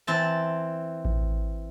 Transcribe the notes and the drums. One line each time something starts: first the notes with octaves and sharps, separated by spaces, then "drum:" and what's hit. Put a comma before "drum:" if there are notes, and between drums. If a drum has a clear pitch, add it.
E3 C4 A5
drum: kick A1